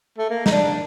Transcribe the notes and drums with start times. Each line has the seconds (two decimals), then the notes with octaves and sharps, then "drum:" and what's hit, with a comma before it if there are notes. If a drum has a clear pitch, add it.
0.18 A3
0.30 A#3
0.46 D#4, drum: snare
0.52 D4